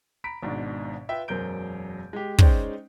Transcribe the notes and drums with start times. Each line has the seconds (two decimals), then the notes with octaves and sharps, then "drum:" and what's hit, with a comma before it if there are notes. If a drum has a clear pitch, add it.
0.24 A#5 B5 B6 D7
0.43 G#1 G#2 B2 D4
1.09 F4 B4 E5 G5
1.28 E1 F#2 A#4 C5 G6 D7
2.13 G#3 G4
2.38 G#3 C#4 D#4 C5 D5 G5, drum: kick